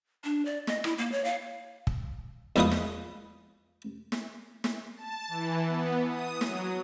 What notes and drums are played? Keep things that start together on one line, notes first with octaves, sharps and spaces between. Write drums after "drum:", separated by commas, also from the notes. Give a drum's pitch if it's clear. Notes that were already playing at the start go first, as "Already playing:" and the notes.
D4
D5
D#5, drum: snare
E4, drum: rim click
A#3
C#5
F5
drum: kick
E2 G#2 F3 D#4 B4 D#6, drum: snare
drum: snare
drum: snare
drum: snare
A5
E3
B3
D#6
F#3, drum: snare